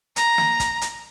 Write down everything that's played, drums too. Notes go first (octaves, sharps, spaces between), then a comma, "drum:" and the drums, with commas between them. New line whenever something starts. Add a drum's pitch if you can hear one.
A#5, drum: hi-hat
drum: snare
drum: kick, hi-hat
drum: hi-hat